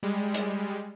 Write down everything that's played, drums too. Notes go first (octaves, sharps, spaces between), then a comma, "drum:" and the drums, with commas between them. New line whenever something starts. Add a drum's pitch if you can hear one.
G3 G#3
drum: hi-hat